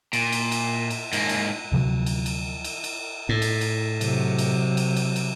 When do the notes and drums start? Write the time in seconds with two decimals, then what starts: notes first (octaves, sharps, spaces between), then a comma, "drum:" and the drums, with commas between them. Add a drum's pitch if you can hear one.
0.13 A#2, drum: cymbal
0.32 drum: cymbal
0.52 drum: cymbal
0.90 drum: cymbal
1.13 G#2 A#3, drum: cymbal
1.29 drum: cymbal
1.72 D2 C3 F3 F#3
2.06 drum: cymbal
2.26 drum: cymbal
2.64 drum: cymbal
2.84 drum: cymbal
3.29 A2
3.42 drum: cymbal
3.61 drum: cymbal
4.01 C3 F#3, drum: cymbal
4.38 drum: cymbal
4.77 drum: cymbal
4.96 drum: cymbal
5.16 drum: cymbal